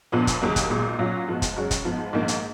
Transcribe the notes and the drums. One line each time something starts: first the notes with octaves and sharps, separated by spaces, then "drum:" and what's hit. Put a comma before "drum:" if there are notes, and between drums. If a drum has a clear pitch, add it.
A#1 A#2 F3 B3
drum: kick, hi-hat
D#2 C#3 F#3 A#3
drum: kick, hi-hat
B1 A#2 G#3
A#2 F#3 C#4 F4
G#2 F3 B3 F#4
drum: kick, hi-hat
F#2 C#3 G#3 C#4 F#4
drum: kick, hi-hat
G#2 F3 B3
A#1 G#2 D#3 A#3
drum: hi-hat